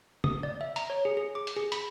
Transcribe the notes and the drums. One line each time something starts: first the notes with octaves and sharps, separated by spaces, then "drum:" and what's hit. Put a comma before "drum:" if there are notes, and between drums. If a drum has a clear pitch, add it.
D#6, drum: tom
D5
E5
A#5, drum: hi-hat
C#5
G#4
G#4
D6
drum: hi-hat
G#4
B5, drum: hi-hat